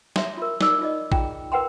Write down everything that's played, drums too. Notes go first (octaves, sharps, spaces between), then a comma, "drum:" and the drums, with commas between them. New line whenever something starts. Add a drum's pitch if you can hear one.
C#5 E5 A#5 C6, drum: snare
F4 A#4
D#4 D5 D6 E6, drum: snare
F4 D5 D#5
F4 G#4 G5 A#5, drum: kick
A#4 B4 F#5 G5 A#5 C6